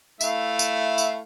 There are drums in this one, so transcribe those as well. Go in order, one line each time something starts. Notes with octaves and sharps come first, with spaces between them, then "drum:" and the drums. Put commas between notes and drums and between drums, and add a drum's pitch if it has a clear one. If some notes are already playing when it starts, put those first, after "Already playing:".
A3 E4 F5, drum: tambourine
drum: tambourine
drum: tambourine